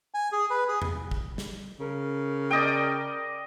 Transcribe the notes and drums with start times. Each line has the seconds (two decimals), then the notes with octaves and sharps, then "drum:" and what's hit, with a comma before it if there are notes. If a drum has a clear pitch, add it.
0.14 G#5
0.32 G#4
0.50 B4
0.68 G#4
0.82 drum: tom E2
1.11 drum: kick
1.38 drum: snare
1.80 C#3 A#4
2.51 D5 D#5 G5